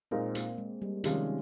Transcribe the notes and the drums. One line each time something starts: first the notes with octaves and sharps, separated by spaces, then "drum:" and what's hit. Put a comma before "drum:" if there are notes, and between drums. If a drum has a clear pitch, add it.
A#2 G#3 C4 D#4 A#4
A#3, drum: hi-hat
G#3
G3
C3 D#3 F3 G#3 C#4, drum: hi-hat